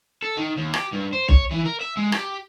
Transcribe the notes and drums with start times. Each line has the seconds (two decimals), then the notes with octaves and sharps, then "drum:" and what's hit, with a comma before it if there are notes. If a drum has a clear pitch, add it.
0.23 A4
0.37 D#3
0.57 D#2
0.74 G4, drum: rim click
0.93 G2
1.13 C5
1.29 C#5, drum: kick B1
1.51 E3
1.65 A#4
1.81 E5
1.97 G#3
2.12 G4, drum: rim click